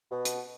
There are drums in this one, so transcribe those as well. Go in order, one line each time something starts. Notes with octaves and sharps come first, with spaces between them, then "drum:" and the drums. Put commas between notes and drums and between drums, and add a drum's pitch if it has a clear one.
B2
drum: hi-hat